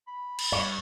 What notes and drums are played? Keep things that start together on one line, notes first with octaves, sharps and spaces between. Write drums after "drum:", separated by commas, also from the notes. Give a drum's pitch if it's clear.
B5
drum: cymbal
G2 C#5